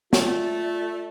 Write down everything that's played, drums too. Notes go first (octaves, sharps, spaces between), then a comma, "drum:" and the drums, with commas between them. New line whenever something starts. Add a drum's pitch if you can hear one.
A3 F4 D5, drum: snare